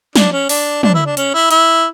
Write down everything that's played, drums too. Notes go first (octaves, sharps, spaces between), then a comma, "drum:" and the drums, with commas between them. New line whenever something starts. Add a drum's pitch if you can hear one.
D4, drum: snare
C#4
D4, drum: open hi-hat
D4, drum: tom
E4
D4
C#4, drum: hi-hat
E4
E4, drum: hi-hat